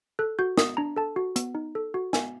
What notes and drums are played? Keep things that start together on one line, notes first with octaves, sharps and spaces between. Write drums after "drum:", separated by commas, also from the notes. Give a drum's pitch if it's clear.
A4 F#6
F#4 G6
B3 D#6, drum: snare
D4 A#5
A4 A5
F#4
B3, drum: hi-hat
D#4
A4
F#4
B3 G#5, drum: snare